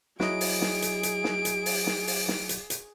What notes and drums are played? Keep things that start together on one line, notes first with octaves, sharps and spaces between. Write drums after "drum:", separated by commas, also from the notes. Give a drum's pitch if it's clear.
F#3 E4 G#4 D#5 D7, drum: snare
drum: open hi-hat
drum: snare
drum: hi-hat
drum: hi-hat
drum: snare
drum: hi-hat
drum: open hi-hat
drum: snare
drum: open hi-hat
drum: snare
drum: hi-hat
drum: hi-hat